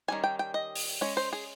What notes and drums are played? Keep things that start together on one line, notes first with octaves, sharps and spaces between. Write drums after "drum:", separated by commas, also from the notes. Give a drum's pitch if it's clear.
D#3 G3 C#4 G#5
G5
G5
D#5
drum: open hi-hat
G#3 C#4 C#5
C5
G#4